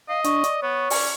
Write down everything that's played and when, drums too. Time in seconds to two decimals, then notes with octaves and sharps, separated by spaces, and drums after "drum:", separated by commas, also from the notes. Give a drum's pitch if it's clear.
0.09 D#5 F5 C7
0.24 D4 C#6, drum: hi-hat
0.44 D5, drum: hi-hat
0.62 B3 C#5 C#6
0.90 C#4 D5, drum: open hi-hat